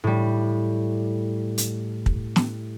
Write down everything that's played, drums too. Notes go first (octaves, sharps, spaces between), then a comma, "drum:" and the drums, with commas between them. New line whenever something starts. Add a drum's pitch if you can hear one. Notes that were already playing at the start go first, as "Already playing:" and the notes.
A2 G3
drum: hi-hat
drum: kick
drum: snare